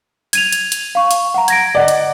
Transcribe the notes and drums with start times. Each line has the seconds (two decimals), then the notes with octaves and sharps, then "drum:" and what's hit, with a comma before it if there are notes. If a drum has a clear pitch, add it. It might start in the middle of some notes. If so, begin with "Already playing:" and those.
0.33 G#6 D#7 F7, drum: hi-hat
0.52 drum: hi-hat
0.72 drum: hi-hat
0.95 F5 C#6
1.11 drum: hi-hat
1.34 F#5 A#5
1.48 G#6 A#6 D7, drum: hi-hat
1.75 D5 D#5 F#5
1.88 drum: hi-hat